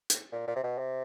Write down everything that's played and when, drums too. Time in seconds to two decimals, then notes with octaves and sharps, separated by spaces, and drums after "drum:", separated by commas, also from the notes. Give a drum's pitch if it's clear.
0.10 drum: hi-hat
0.32 A#2
0.48 A#2
0.56 C3
0.64 B2
0.78 C3